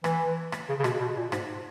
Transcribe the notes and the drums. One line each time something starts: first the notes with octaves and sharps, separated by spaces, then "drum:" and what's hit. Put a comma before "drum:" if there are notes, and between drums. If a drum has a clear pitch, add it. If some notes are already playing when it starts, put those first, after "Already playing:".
E3, drum: rim click
drum: rim click
C#3
C#3
B2, drum: rim click
B2
A#2
G#2, drum: rim click